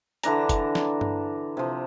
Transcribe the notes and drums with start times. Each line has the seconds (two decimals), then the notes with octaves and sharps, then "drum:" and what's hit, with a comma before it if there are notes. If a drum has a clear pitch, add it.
0.23 D3 E3 D4 A#5, drum: hi-hat
0.49 drum: kick F1, hi-hat
0.75 drum: snare
1.01 drum: tom G2
1.57 C3 F3